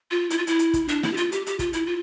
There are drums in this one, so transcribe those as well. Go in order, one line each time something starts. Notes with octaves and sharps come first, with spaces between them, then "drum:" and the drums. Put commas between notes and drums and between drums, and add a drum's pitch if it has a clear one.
F4
E4, drum: hi-hat
F4
E4, drum: hi-hat
drum: hi-hat
drum: kick, hi-hat
D4, drum: hi-hat
E4, drum: snare
G4
F4, drum: hi-hat
G4, drum: hi-hat
G4, drum: hi-hat
F4, drum: kick, hi-hat
E4, drum: hi-hat
F4